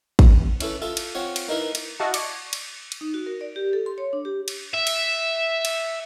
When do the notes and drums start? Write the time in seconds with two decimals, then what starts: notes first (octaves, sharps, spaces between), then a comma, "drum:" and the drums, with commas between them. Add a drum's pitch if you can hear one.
0.19 drum: kick, cymbal
0.60 C#4 E4 A4 B4, drum: cymbal
0.82 F4 A4 E5
0.97 drum: cymbal
1.15 C4 F4 C#5 F#5
1.36 drum: cymbal
1.48 A#3 D#4 E4 A#4 B4 D#5
1.75 drum: cymbal
2.00 E4 F#4 D#5 F5 A5
2.14 D5 C#6 G#6, drum: cymbal
2.53 drum: cymbal
2.92 drum: cymbal
3.01 D#4
3.14 F#4
3.26 A#4
3.41 D5
3.56 G4
3.73 A4
3.86 C6
3.98 C#5
4.13 D4
4.25 G4
4.48 drum: cymbal
4.74 E5
4.87 drum: cymbal
5.65 drum: cymbal